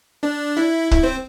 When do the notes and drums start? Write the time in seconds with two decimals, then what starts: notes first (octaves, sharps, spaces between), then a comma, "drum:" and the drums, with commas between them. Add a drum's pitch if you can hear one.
0.23 D4 D5
0.57 E4 E5
0.91 E4 E5, drum: kick
1.03 C4 C5